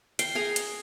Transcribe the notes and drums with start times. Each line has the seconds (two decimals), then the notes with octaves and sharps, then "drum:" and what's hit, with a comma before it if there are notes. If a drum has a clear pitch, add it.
0.19 G5 C7, drum: hi-hat
0.35 G#4 G#5 A#5
0.56 drum: hi-hat